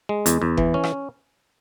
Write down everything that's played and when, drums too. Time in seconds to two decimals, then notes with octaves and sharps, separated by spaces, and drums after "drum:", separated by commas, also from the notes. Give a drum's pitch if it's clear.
0.09 G#3
0.26 E2, drum: hi-hat
0.42 E2
0.57 E3, drum: kick F#1
0.74 C#4
0.84 drum: rim click